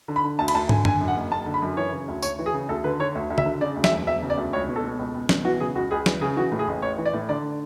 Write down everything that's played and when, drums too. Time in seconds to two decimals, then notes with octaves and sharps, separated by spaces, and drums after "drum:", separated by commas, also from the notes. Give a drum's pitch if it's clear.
0.08 D3
0.16 B5
0.24 D3
0.39 D2 A5
0.48 B5, drum: cymbal
0.54 D2 A5
0.69 D3 G#5, drum: tom
0.85 D3 G#5, drum: tom F#2
1.00 F#2
1.08 F#5
1.16 F#1
1.31 F#1 A5
1.46 D3
1.54 B5
1.62 F#2
1.77 E3 C#5
1.92 C#3
2.08 D2
2.22 D2 C#5, drum: tambourine
2.39 E3
2.46 G#4
2.54 C#3
2.69 D2 A4
2.84 D3 B4
3.00 D3 C#5
3.15 D2
3.30 D2
3.38 E5, drum: tom
3.46 D3
3.61 C#3 D5
3.76 D2
3.84 E5, drum: snare
3.91 E1
4.07 E1 E5
4.22 C#3
4.30 D5
4.37 D2
4.53 C#2 C#5
4.68 B2
4.76 A4
4.84 B2
4.99 C#2
5.14 C#2
5.29 B2, drum: snare
5.45 E3 F#4
5.60 C#3 G#4
5.75 C#2 F#4
5.91 C#2 G#4
6.06 E3, drum: snare
6.21 C#3 G#4
6.37 E3 F#4
6.52 A2
6.59 G#4
6.68 A1
6.82 A1 C#5
6.98 E3
7.05 D5
7.13 A2
7.29 D3 D5